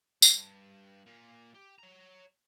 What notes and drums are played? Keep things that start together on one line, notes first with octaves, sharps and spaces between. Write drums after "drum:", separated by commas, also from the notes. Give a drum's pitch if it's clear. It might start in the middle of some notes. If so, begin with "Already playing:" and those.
G2, drum: tambourine
A#2 A#3
G4
C#5 A#5